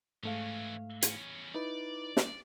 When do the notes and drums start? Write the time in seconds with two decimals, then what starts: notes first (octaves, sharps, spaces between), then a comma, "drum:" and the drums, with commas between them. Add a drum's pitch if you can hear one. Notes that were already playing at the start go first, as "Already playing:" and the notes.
0.23 G#2 E3 A3 C#4 F5
1.02 E2 C#4, drum: hi-hat
1.55 D#4 E4 B4 D5
2.17 drum: snare